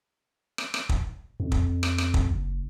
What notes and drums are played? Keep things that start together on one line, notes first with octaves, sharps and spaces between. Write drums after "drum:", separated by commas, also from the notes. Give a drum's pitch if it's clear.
drum: rim click
drum: rim click
drum: kick
F2
drum: kick
drum: rim click
drum: rim click
drum: kick
F#1